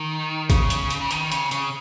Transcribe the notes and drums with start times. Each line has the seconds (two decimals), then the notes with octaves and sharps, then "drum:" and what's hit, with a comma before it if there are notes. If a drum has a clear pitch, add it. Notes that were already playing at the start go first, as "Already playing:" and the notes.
Already playing: D#3
0.50 C#3, drum: kick, hi-hat
0.70 drum: hi-hat
0.91 drum: hi-hat
1.00 C#3
1.11 D#3, drum: hi-hat
1.32 C#3, drum: hi-hat
1.51 C#3, drum: hi-hat